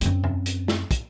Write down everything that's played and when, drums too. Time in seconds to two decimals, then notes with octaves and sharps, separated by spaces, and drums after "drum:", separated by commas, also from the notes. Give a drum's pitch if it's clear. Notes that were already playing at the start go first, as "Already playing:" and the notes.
0.01 F#2 C4, drum: hi-hat
0.24 drum: tom E2
0.46 drum: hi-hat
0.68 drum: snare
0.91 drum: kick, hi-hat